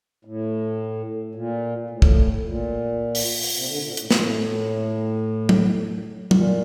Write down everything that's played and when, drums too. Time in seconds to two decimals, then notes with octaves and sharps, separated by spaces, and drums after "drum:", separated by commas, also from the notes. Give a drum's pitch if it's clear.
0.25 A2
1.35 A#2
1.90 A2
2.02 drum: kick
2.45 A#2
3.15 drum: open hi-hat
3.43 drum: open hi-hat
3.56 C3
3.69 D3
3.83 A#2
3.97 A2, drum: hi-hat
4.11 A2, drum: snare
5.49 drum: tom
6.31 A#2, drum: tom